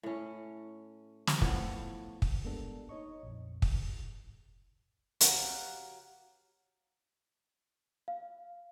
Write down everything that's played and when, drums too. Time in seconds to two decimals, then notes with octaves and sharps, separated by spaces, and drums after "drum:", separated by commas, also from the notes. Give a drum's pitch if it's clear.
0.03 A2 C#4
1.27 drum: snare
1.41 A2 F3 B3, drum: kick
2.22 drum: kick
2.44 G3 G#3 A#3 B3 D4 A4
2.89 D#4 C#5 D#5 C#6
3.23 A#1 F2
3.62 drum: kick
5.21 F#4 G4 C#5 F5 F#5 A#5, drum: hi-hat
8.08 F5